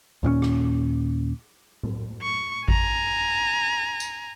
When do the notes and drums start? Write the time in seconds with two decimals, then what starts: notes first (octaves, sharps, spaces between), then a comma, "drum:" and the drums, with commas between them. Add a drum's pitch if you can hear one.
0.23 D#2 A#2 A#3 C#4
0.42 drum: rim click
1.83 drum: tom A2
2.22 C#6
2.68 G#5 A#5, drum: kick G#1
4.00 drum: tambourine